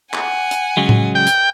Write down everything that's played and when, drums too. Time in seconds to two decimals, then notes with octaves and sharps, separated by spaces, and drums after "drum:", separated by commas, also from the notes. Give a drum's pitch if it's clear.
0.13 F#5 G#5, drum: clap
0.51 drum: hi-hat
0.77 C#3 F#3 G#3
0.89 drum: tom A2
1.15 G5
1.27 drum: hi-hat